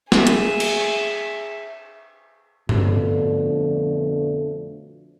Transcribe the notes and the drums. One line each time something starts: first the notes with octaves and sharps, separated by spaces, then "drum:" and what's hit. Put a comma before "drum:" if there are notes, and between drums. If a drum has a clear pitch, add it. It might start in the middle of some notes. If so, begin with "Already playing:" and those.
G#4 E5, drum: snare
drum: hi-hat
drum: cymbal
F2 B2 D3 F3 A3 D4, drum: tom G2